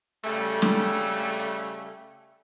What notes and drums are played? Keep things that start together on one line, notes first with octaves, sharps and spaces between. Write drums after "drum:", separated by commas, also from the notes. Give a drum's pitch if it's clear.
C#3 G3 A3, drum: hi-hat
drum: snare
drum: hi-hat